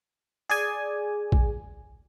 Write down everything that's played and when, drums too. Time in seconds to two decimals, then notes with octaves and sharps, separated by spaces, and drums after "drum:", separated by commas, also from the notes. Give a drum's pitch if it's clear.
0.50 G#4 D5 G#5
1.32 drum: kick A#1